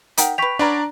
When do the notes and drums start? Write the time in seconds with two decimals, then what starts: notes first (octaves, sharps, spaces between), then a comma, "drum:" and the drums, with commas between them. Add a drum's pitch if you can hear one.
0.17 D#4 A#4 F#5 G5 B6, drum: hi-hat
0.38 B4 G5 C#6 B6 F7
0.59 C#4 D4 B4 D5 F#5 A#5